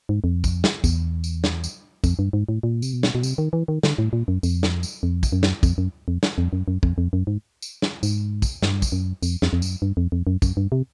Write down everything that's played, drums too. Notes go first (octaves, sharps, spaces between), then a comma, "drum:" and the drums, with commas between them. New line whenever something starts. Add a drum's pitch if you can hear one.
G#2
F2
drum: kick, tambourine
drum: snare
E2, drum: kick, tambourine
drum: tambourine
drum: snare
drum: tambourine
F2, drum: kick, tambourine
G2
G#2
A2
A#2
C3, drum: tambourine
B2
drum: snare
B2
C3, drum: tambourine
D#3
E3
D#3
D3, drum: snare
A2
A#2
F#2
F2, drum: tambourine
drum: snare
drum: tambourine
F2
drum: kick, tambourine
F#2
drum: snare
F2, drum: kick, tambourine
F#2
F2
drum: snare
F2
F#2
F#2
F2, drum: kick
F2
F#2
G#2
drum: tambourine
drum: snare
G#2, drum: tambourine
drum: kick, tambourine
G2, drum: snare
drum: kick, tambourine
F#2
F2, drum: tambourine
F2, drum: snare
F2
F#2, drum: tambourine
G2
F2
F2
F#2
F#2, drum: kick, tambourine
G2
C3